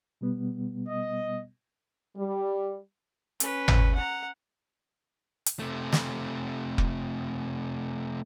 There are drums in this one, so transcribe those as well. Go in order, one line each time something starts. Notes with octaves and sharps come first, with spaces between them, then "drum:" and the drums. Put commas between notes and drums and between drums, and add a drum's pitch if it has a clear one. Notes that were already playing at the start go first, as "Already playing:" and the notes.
B2 G3 B3
D#5
G3
C#4 B4, drum: hi-hat
drum: tom G#1
F#5 A#5
drum: hi-hat
C3 A3
drum: snare
drum: kick F1